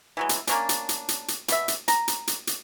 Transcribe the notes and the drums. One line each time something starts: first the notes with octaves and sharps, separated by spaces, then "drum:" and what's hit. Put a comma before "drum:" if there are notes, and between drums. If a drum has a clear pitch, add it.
E3 F#3 G#3
drum: hi-hat
A#3 C#4 D4, drum: hi-hat
drum: hi-hat
drum: hi-hat
drum: hi-hat
drum: hi-hat
B2 E5, drum: hi-hat
drum: hi-hat
A#5, drum: hi-hat
drum: hi-hat
drum: hi-hat
drum: hi-hat